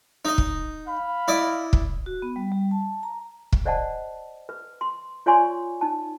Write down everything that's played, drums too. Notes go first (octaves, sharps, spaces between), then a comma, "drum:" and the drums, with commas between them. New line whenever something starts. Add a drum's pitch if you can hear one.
D#4 D#5
drum: kick
F5 B5
E4 D5 D#5
drum: kick
F#4
B3
G3
G3
A5
A#5
drum: kick
C5 D5 D#5 F#5 A5
B4
C6
F4 C#5 D5 G#5 C6 C#6
D#4 A5